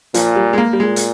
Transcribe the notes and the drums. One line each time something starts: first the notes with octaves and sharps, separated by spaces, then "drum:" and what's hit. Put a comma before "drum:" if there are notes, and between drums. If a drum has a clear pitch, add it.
A#2 F3, drum: hi-hat
G3
G#3
A#3
G3
A#2 G#3
drum: hi-hat